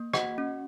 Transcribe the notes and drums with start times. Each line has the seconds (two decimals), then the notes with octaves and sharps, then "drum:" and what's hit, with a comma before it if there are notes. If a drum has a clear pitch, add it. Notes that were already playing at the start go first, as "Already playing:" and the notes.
Already playing: A#3
0.14 F#4 D#5 F#5, drum: rim click
0.38 C#4